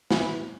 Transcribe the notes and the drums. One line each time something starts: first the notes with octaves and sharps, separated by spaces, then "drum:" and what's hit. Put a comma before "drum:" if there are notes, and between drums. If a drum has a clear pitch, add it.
E3, drum: snare